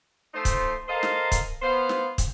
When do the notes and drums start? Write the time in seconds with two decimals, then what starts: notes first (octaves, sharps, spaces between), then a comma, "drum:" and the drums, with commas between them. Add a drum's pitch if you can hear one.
0.34 F3 A3 D#4 C5
0.45 drum: kick, hi-hat
0.88 A4 A#4 C5 D#5 F5
1.03 drum: snare
1.32 drum: kick, hi-hat
1.62 B3 C5 F5
1.89 drum: snare
2.18 drum: kick, hi-hat